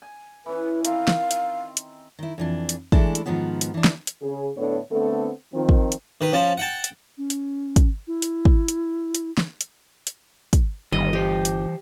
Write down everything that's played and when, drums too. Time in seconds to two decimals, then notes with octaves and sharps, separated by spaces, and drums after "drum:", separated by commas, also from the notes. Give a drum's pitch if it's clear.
0.02 G#5
0.46 E3 C#4 B4
0.85 D#3 C4 F5, drum: hi-hat
1.08 drum: snare
1.31 drum: hi-hat
1.77 drum: hi-hat
2.19 D#3 E4
2.38 F2 E3 D4
2.69 drum: hi-hat
2.92 E3 G#3 A3 D4 E4 A4, drum: kick
3.15 drum: hi-hat
3.26 G#2 D#3 F3 B3 F#4
3.61 drum: hi-hat
3.74 E3 D4
3.84 drum: snare
4.07 drum: hi-hat
4.22 C#3 G#4
4.57 A2 D3 B3 D4 A4 C#5
4.91 D3 A3 B3 C4 A4
5.54 D#3 F3 C4
5.69 drum: kick
5.92 drum: hi-hat
6.21 D#3 B4
6.33 F3 C#4 A5
6.58 F#5 G5 A5
6.84 drum: hi-hat
7.18 C#4
7.30 drum: hi-hat
7.76 drum: kick, hi-hat
8.07 E4
8.22 drum: hi-hat
8.45 drum: kick
8.68 drum: hi-hat
9.15 drum: hi-hat
9.38 drum: snare
9.61 drum: hi-hat
10.07 drum: hi-hat
10.53 drum: kick, hi-hat
10.92 G1 D#3 G3 D#5
11.13 E3 G4 C5
11.45 drum: hi-hat